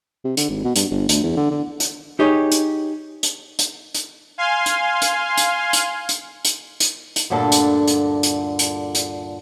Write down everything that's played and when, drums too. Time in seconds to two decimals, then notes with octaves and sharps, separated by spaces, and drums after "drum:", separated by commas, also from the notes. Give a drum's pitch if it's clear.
0.25 C3
0.37 D3, drum: hi-hat
0.49 G#1
0.64 B2
0.76 G2, drum: hi-hat
0.91 G1
1.09 D2, drum: hi-hat
1.24 E2
1.37 D3
1.51 D3
1.80 drum: hi-hat
2.19 D#4 G4 G#4 C#5
2.52 drum: hi-hat
3.23 drum: hi-hat
3.59 drum: hi-hat
3.95 drum: hi-hat
4.38 F5 G#5 C6
4.66 drum: hi-hat
5.02 drum: hi-hat
5.37 drum: hi-hat
5.73 drum: hi-hat
6.09 drum: hi-hat
6.45 drum: hi-hat
6.80 drum: hi-hat
7.16 drum: hi-hat
7.30 D2 G2 A#2 D3 A4
7.52 drum: hi-hat
7.88 drum: hi-hat
8.23 drum: hi-hat
8.59 drum: hi-hat
8.95 drum: hi-hat